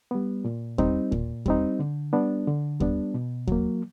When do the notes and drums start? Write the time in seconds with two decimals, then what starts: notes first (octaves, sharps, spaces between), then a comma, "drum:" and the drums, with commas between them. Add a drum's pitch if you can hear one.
0.11 G3 B3
0.45 A#2
0.78 G3 C4 D#4, drum: kick D#2
1.12 A#2, drum: kick D#2
1.46 G3 C4 D#4, drum: kick D#2
1.79 D3
2.13 G3 B3 D4
2.47 D3
2.80 G3 B3 D4, drum: kick D#2
3.14 B2
3.47 F#3 A#3, drum: kick D#2